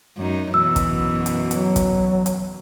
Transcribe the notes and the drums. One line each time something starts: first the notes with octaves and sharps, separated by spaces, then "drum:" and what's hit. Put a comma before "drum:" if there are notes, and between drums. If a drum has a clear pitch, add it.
F#2 D#4
F#2 B2 E3 E6
drum: kick, hi-hat
drum: hi-hat
F#3, drum: hi-hat
drum: kick, hi-hat
drum: hi-hat